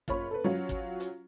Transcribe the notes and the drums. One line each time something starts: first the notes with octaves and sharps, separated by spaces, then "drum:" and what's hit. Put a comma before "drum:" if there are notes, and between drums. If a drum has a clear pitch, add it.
F#1 F4 C#5 B5 C#6, drum: kick
A4 B4
F#3 C#4 F4 F#4 C#5 F5
drum: kick
drum: hi-hat